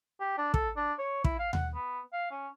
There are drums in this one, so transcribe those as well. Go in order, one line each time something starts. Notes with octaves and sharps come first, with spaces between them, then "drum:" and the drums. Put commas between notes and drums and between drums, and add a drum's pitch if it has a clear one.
G4
D4
A4, drum: kick
D4
C#5
E4, drum: kick
F5
F#5, drum: tom D#2
B3
F5
C#4